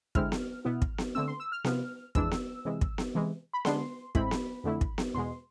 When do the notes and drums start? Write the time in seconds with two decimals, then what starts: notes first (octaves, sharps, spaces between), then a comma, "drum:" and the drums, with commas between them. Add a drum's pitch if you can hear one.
0.15 D3 G#3 C4 E4 F6, drum: kick
0.32 drum: snare B3
0.65 B2 B3 E4
0.82 drum: kick
0.98 drum: snare B3
1.15 D3 A3 C4 E6
1.28 C6
1.40 E6
1.52 F6
1.64 C3 F3 B3, drum: snare B3
2.15 F2 E3 G#3 D4 E6, drum: kick
2.31 drum: snare B3
2.65 C3 E3 G#3
2.81 drum: kick
2.98 drum: snare B3
3.15 C3 E3 G#3
3.53 B5
3.65 D3 G#3 B3 D4 C6, drum: snare B3
4.15 A2 G#3 C4 E4 B5, drum: kick
4.31 drum: snare B3
4.64 F2 D3 A3 E4
4.81 drum: kick
4.98 drum: snare B3
5.14 E2 B2 G#3 C6